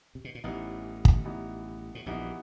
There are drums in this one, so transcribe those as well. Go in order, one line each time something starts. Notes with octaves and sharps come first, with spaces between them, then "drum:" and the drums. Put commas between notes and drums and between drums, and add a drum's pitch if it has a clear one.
C3
B2
A#2
A1 A2 E3 G3 B3 D#4
drum: kick
E3 G3 B3 D#4
A2
A#1 A#2 E3 G3 B3 D#4